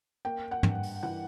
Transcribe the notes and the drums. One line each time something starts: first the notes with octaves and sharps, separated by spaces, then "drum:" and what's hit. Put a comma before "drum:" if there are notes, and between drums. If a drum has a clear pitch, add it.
A#3 G5
F#5
G2, drum: tom
drum: open hi-hat
E3 F#5